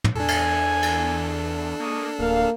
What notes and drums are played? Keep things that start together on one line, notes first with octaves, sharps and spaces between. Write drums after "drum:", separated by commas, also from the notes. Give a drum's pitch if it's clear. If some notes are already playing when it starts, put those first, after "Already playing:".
drum: tom
E2 D4 A4 G#5
drum: cymbal
drum: cymbal
G#3 A#3 C#6 D#6
D1 A#3 F5